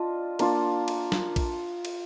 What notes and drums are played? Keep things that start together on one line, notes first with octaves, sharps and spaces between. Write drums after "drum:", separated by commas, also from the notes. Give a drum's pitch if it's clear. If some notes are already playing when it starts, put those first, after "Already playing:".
Already playing: D4 F4 D#5
A#3 D4 F4, drum: cymbal
drum: cymbal
drum: snare
drum: kick A#1, cymbal
drum: cymbal